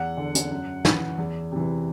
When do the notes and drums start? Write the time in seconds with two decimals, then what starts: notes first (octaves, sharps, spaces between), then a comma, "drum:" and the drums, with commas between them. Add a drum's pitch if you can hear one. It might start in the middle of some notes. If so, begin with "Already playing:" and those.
Already playing: E2 F#5
0.17 D3
0.35 drum: hi-hat
0.51 F#2
0.85 E3, drum: snare
1.18 E2
1.52 C3 E3